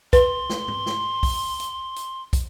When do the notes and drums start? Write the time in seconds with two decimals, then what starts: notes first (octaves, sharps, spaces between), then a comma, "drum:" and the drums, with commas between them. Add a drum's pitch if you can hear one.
0.13 B4 C6, drum: kick, hi-hat
0.50 drum: snare
0.68 drum: tom G#2
0.86 drum: snare
1.23 drum: kick, open hi-hat
1.60 drum: hi-hat
1.96 drum: hi-hat
2.33 drum: kick, hi-hat